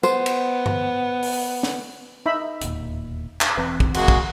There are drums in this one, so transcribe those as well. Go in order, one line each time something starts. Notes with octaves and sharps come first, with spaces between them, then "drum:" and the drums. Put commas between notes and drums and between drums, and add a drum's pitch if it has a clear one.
B3 C5, drum: tambourine
drum: cymbal
drum: tom G2
drum: open hi-hat
drum: snare
D#4 E5 B5
E1 D#2 A#2, drum: hi-hat
drum: clap
E1 E3 C4 B4
drum: kick
G#3 A#3 F#4, drum: cymbal
drum: kick